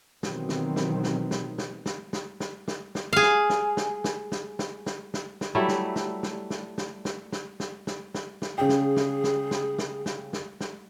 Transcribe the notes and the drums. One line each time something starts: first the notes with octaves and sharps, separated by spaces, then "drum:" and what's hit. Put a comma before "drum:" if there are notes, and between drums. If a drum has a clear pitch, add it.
B2 D#3 E3 F#3 C4, drum: snare
drum: snare
drum: snare
drum: snare
drum: snare
drum: snare
drum: snare
drum: snare
drum: snare
drum: snare
drum: snare
G#4 F5
drum: snare
drum: snare
drum: snare
drum: snare
drum: snare
drum: snare
drum: snare
drum: snare
drum: snare
F#3 G3 A3 E4
drum: snare
drum: snare
drum: snare
drum: snare
drum: snare
drum: snare
drum: snare
drum: snare
drum: snare
drum: snare
drum: snare
C#3 G#4 G5
drum: snare
drum: snare
drum: snare
drum: snare
drum: snare
drum: snare
drum: snare
drum: snare